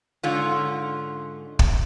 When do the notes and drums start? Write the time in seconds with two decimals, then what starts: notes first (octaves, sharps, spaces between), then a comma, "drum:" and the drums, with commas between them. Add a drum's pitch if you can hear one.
0.23 G#2 D3 C#4 F4
1.59 drum: kick